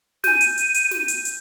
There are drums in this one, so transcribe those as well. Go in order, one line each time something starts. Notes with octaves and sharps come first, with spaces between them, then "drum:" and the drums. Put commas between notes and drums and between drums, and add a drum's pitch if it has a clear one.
G#5 G6 D#7, drum: snare
drum: hi-hat
drum: hi-hat
drum: hi-hat
drum: snare
drum: hi-hat
drum: hi-hat